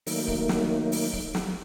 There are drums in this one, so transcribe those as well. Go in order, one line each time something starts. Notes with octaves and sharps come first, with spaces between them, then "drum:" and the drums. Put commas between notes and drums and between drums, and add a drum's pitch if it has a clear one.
D#3 F#3 A3 A#3 D#4, drum: open hi-hat
drum: kick C#1
drum: snare
drum: open hi-hat
drum: kick C#1
drum: snare